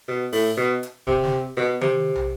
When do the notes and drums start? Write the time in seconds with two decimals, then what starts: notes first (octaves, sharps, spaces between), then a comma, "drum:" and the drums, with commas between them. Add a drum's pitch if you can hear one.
0.08 B2
0.32 A2, drum: open hi-hat
0.57 B2
0.83 drum: hi-hat
1.07 C3, drum: kick D1
1.23 drum: snare
1.57 B2
1.81 C3, drum: tom D#3
2.16 drum: tom